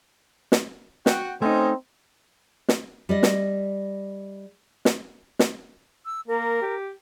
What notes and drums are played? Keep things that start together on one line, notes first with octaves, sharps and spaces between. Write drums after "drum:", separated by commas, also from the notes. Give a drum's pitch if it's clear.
drum: snare
F#4 G5, drum: snare
A3 C4 C#4 D#4 C5 D#5
drum: snare
G3 D5 D#5
drum: snare
drum: snare
drum: snare
E6
A#3 A#4
G4